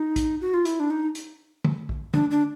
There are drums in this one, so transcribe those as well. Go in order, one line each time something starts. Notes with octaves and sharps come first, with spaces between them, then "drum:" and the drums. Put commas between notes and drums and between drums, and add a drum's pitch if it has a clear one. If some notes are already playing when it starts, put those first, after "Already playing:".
Already playing: D#4
drum: kick, hi-hat
F#4
F4
E4, drum: hi-hat
D4
D#4
drum: hi-hat
drum: tom D3
drum: kick
D4, drum: tom D3
D4